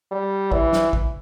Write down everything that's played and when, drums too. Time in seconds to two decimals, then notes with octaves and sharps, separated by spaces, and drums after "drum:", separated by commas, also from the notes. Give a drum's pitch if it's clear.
0.11 G3
0.52 E3, drum: kick A1
0.73 drum: snare
0.93 drum: kick A1